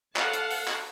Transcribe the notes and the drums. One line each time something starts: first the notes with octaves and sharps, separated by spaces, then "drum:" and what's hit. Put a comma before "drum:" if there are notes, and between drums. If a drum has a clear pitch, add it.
A4 F5 F#5 A5, drum: clap
drum: hi-hat
drum: open hi-hat
drum: clap